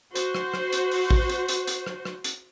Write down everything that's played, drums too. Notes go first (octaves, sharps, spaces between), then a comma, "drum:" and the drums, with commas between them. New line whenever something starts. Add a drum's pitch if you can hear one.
F#4 C5, drum: hi-hat
drum: rim click
drum: rim click
drum: hi-hat
drum: open hi-hat
drum: kick A1
drum: hi-hat
drum: hi-hat
drum: hi-hat
drum: rim click
drum: rim click
drum: hi-hat